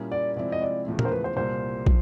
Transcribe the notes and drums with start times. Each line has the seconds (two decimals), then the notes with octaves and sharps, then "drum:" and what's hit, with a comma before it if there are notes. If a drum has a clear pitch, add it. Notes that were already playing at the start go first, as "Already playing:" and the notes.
Already playing: A#2 G3 A#3 C#4 E4
0.12 D5
0.36 C3 F3 G#3 C4 E4 D5
0.52 D#5
0.62 D5
0.86 E2 C#3 F3 A3
0.99 A#4, drum: tom
1.05 C5
1.11 B4
1.24 C5
1.36 C2 A#2 G3 A#3 C5
1.86 F3, drum: kick